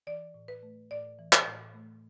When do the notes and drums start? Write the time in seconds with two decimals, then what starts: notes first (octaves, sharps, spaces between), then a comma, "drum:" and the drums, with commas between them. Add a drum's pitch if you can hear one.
0.07 E3 D5
0.34 A2
0.48 B4
0.63 A3
0.90 A2 D5
1.19 E3
1.33 drum: clap
1.47 A2
1.74 A3